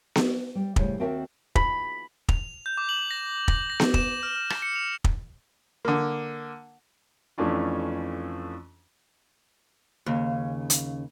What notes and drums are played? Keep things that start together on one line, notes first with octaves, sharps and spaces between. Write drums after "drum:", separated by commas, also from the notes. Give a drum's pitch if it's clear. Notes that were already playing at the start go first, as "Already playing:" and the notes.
drum: snare B3
G3
A2 C#3 G3 C5, drum: kick
D#2 C4 F#4 A#4 E5 A5
B5, drum: kick
F7, drum: kick
G6
D6
F#7
A#6
A#6, drum: kick
A#6
drum: snare B3
E7, drum: kick
F6
F6
drum: rim click
C#7
F7
drum: kick
D3 A#3
F2 E3 A3 C#4 D4 F4
D#2 C#3
drum: hi-hat